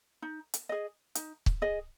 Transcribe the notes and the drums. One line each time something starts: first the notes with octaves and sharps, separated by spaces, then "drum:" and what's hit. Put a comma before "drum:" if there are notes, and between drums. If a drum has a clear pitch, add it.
D#4
drum: hi-hat
G#4 D#5
D#4, drum: hi-hat
drum: kick
G#4 D#5